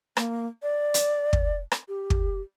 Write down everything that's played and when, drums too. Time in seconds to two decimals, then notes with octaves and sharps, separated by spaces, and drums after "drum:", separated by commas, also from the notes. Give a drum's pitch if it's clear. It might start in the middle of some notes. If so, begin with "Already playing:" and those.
0.17 A#3, drum: rim click
0.63 D5
0.94 drum: hi-hat
1.33 drum: kick
1.72 drum: rim click
1.88 G4
2.10 drum: kick